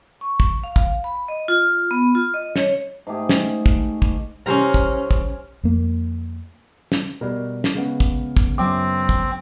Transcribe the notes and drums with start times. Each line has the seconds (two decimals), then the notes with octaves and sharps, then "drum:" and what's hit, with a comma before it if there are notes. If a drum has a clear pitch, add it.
0.21 C#6
0.40 drum: kick
0.64 F5
0.76 drum: kick
1.04 B5
1.28 D#5
1.48 F4
1.91 B3
2.15 F4
2.34 D#5
2.56 C#5, drum: snare
3.07 G#2 A3 G4 G#4
3.29 drum: snare
3.66 drum: kick
4.02 drum: kick
4.46 C2 C3 C#4 A#4 C5 A#5
4.74 drum: kick
5.11 drum: kick
5.63 F2 A#3
6.92 drum: snare
7.21 B2 G3 A#4
7.64 drum: snare
7.75 C#3 G#3 B3
8.00 drum: kick
8.37 drum: kick
8.58 F#2 C4 D6
9.09 drum: kick